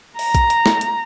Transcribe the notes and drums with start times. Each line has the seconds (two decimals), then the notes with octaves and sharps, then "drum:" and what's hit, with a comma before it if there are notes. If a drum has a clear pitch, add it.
0.19 A#5, drum: open hi-hat
0.35 drum: kick, hi-hat
0.50 drum: hi-hat
0.66 drum: snare
0.81 drum: hi-hat